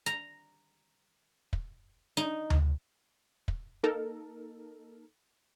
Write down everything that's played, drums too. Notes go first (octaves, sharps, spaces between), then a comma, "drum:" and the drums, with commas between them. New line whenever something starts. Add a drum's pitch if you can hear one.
A#5
drum: kick
D#4
drum: tom D2
drum: kick
A#3 D#4 A4 A#4